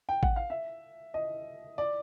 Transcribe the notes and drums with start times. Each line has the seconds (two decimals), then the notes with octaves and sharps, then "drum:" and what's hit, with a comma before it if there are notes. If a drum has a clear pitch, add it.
0.09 G5
0.23 F#5, drum: kick A1
0.36 F5
0.50 E5
1.14 D#5
1.78 D5